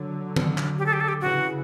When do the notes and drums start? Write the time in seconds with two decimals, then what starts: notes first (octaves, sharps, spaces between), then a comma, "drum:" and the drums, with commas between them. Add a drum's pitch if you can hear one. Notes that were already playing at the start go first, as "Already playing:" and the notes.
Already playing: D3 F#3
0.36 drum: tom D#3
0.58 drum: clap
0.78 G4
0.86 A4
0.93 G4
1.00 A4
1.08 G4
1.21 C#3 E3 F#4